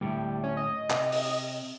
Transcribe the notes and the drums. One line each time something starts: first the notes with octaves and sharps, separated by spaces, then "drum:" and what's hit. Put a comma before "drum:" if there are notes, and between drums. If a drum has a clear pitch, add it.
D2 A2 G3
C#4
D#5
C3, drum: clap
drum: open hi-hat